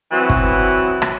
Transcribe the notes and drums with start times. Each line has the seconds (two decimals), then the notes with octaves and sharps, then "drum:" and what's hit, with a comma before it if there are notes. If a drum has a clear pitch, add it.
0.11 E3 F#3 B3 C4 F#4
0.30 drum: kick
1.02 drum: rim click